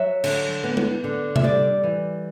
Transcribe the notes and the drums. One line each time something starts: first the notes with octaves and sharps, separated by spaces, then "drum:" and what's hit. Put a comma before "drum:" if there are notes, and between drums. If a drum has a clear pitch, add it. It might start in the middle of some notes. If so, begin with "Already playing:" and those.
Already playing: F#3 E5
D3, drum: cymbal
B3
drum: tom G#3
D3
E5, drum: tom C3
G3 D5
E3